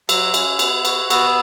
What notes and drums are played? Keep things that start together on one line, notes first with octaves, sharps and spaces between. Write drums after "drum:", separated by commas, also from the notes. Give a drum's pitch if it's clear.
F#3 E6, drum: cymbal
C#4, drum: cymbal
B3, drum: cymbal
F#4, drum: cymbal
B3 E6, drum: cymbal